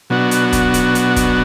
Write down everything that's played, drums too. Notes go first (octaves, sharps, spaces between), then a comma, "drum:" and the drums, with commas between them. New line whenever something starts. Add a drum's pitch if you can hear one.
B2 F#3 B3 D4 F#4
drum: hi-hat
drum: kick, hi-hat
drum: hi-hat
drum: hi-hat
drum: kick, hi-hat